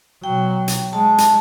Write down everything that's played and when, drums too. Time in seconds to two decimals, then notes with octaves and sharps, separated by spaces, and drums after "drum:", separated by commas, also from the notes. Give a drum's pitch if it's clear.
0.24 B2 F#3 G5
0.68 drum: hi-hat
0.93 G#3 A5
1.18 drum: hi-hat